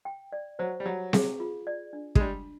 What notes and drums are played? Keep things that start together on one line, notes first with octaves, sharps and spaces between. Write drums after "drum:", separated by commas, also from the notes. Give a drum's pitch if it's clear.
G5
D5
F#3 C5
G3
F#3 G4
G#4, drum: snare C4
F4
D5
D4
G#3, drum: kick
G3 D4